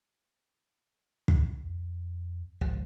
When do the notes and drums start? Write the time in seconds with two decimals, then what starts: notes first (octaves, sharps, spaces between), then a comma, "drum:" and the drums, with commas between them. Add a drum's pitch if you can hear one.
1.28 E2, drum: kick
1.63 F2
2.61 G#1 C#2 F3